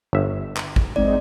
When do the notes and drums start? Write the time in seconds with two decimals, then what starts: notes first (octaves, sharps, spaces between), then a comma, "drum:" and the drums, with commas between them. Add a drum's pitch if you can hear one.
0.13 G1 E5
0.57 drum: clap
0.76 drum: kick G#1
0.96 G#3 C4 D#4 D5